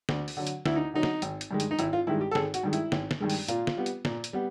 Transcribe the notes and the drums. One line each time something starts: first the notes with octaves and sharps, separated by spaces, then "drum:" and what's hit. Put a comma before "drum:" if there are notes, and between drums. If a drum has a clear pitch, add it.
D2, drum: snare
drum: open hi-hat
D3 F#3
drum: hi-hat
D2 E4, drum: snare
D#4
D3 F#3 D#4
drum: snare
G#1, drum: hi-hat
drum: hi-hat
G2 D#3 G#3
drum: hi-hat
D#4
G#1 E4, drum: hi-hat
F4
G2 D#3 G#3 E4
G4
A4
G#1 G#4, drum: snare
F#4, drum: hi-hat
G2 D#3 G#3
E4, drum: hi-hat
G#1, drum: snare
drum: snare
G2 D#3 G#3
drum: open hi-hat
A#2 F4, drum: hi-hat
drum: snare
G3 B3
drum: hi-hat
A#2, drum: snare
drum: hi-hat
G3 B3